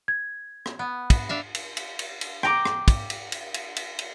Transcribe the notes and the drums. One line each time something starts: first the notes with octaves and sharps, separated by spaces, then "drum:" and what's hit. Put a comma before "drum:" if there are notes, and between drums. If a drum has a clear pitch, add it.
G#6
drum: rim click
B3
drum: kick, cymbal
D4 E5 F5
drum: cymbal
drum: cymbal
drum: cymbal
drum: cymbal
G5 A#5 D6, drum: rim click
drum: rim click
drum: kick, cymbal
drum: cymbal
drum: cymbal
drum: cymbal
drum: cymbal
drum: cymbal